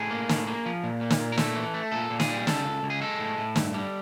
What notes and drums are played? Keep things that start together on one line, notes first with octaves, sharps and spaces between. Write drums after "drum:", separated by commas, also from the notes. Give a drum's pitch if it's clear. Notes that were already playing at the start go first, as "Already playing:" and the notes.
Already playing: A2 G#4
A#3
A2, drum: snare
A#3
F3
A#2
A#3
drum: snare
A#2
A#4
A3 A4, drum: snare
E3
A3
A#2 A4
A#2
G#4, drum: snare
G3
C#3 A4, drum: snare
C#2
C#2
G#4
G#3 A4
A2
A2
G2, drum: snare
G3